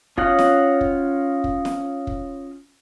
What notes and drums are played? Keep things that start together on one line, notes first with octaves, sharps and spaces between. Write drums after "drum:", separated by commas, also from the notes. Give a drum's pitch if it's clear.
C#4 F4 C#5 D#5 F#5, drum: kick
drum: snare
drum: kick
drum: kick
drum: snare
drum: kick